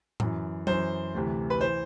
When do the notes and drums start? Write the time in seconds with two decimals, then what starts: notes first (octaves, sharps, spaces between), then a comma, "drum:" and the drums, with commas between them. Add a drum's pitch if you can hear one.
0.20 F#2 E3, drum: tom A2
0.67 F#2 E3 C5, drum: tom F#3
1.14 D2 C3 E3
1.50 B4
1.61 E3 C5